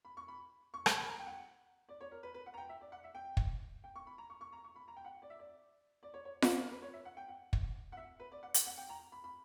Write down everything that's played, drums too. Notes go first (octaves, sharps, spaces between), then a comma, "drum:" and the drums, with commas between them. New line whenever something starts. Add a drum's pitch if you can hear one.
B5
C#6
B5
C#6
C#6, drum: rim click
B5
A#5
G5
F#5
D5
C#5
A#4
B4
B4
F#5
A#5
G5
E5
D5
F#5
E5
G5
drum: kick
G5
C#6
B5
A#5
C#6
C#6
A#5
C#6
B5
A#5
G5
F#5
D5
E5
D5
D5
C#5
C#5
B4, drum: snare F4
A#4
B4
C#5
E5
F#5
G5
F#5
drum: kick
F#5
E5
B4
D5
F#5
F#5, drum: hi-hat
F#5
G5
A#5
B5
B5